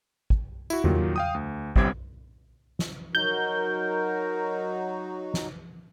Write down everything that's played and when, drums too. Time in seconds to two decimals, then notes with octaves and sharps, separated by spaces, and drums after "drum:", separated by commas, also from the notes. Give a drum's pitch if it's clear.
0.30 drum: kick
0.70 E4 F#4, drum: tambourine
0.84 A#2 D#3 F#3 F4 G4, drum: tom E2
1.16 F5 G5 D#6
1.35 D2
1.76 G1 C2 G3 C4 D6 G#6, drum: kick
2.79 drum: snare
3.15 F#3 D#4 F#4 A#4 G6
5.34 drum: snare